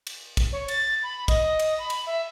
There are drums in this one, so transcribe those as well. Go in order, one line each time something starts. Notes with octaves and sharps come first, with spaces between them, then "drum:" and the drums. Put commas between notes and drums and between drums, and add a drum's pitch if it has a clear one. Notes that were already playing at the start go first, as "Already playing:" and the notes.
drum: cymbal
drum: kick, cymbal
C#5
A6, drum: cymbal
B5
D#5, drum: kick, cymbal
drum: cymbal
B5
drum: cymbal
E5